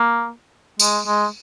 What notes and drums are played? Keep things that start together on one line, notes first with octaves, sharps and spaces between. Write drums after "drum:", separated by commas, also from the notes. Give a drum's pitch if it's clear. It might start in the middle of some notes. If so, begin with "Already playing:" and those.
Already playing: A#3
G#3, drum: tambourine
G#3